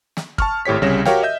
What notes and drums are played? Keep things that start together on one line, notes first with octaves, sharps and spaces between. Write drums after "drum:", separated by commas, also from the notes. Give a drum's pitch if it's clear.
drum: snare
A5 C#6 F6, drum: kick
G#1 A2 G4 C#5 B6
C2 C#3 G3 C#5 A#6 E7
F#4 G4 A#4 C#5 F5 G5, drum: snare
D#5 E5 G6